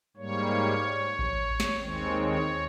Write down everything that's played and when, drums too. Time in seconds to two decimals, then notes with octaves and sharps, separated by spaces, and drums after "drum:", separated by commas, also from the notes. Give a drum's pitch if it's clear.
0.17 G#2 G3 A#3 C#5
1.19 drum: kick A1
1.60 drum: snare
1.80 D#2 D#3 G#3 C4 C#5
2.21 C#5